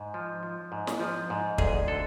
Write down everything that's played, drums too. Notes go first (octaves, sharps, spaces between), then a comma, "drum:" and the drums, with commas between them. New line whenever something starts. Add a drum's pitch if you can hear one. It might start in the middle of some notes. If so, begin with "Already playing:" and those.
Already playing: G#2
F3
F3
G#2
drum: snare
F3
G#2
D2 G#4, drum: kick
D3 A4